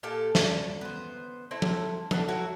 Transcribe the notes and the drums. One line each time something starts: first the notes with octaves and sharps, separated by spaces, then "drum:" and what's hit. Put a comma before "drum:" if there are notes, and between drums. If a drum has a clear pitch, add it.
A#2 G4 A4 F5
D5, drum: snare
B3 C5
A3 C4 E4
drum: tom F3
B3 D4 F#4 A4, drum: tom F3
F#3 E4 F#4